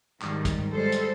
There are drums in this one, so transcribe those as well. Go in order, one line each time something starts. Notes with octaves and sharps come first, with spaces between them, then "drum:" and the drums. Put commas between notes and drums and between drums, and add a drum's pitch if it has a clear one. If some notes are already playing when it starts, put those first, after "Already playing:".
G#2 D#3 G3, drum: clap
drum: kick, hi-hat
G3 G#3 A4 C5
drum: hi-hat